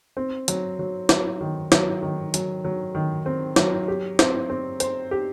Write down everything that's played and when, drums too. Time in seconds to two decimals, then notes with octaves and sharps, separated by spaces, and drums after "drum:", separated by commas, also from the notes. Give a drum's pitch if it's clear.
0.17 C4
0.48 F#3, drum: hi-hat
0.79 F#3
1.09 F#3, drum: snare
1.41 D#3
1.72 F#3, drum: snare
2.03 D#3
2.34 F#3, drum: hi-hat
2.64 F#3
2.95 D#3
3.26 C4
3.56 F#3, drum: snare
3.88 G4
4.19 C4, drum: snare
4.50 C4
4.80 C5, drum: hi-hat
5.11 G4